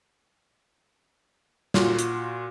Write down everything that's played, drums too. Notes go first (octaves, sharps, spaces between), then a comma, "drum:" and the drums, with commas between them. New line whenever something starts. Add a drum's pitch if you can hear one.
A#2 F4 F#4, drum: snare
drum: hi-hat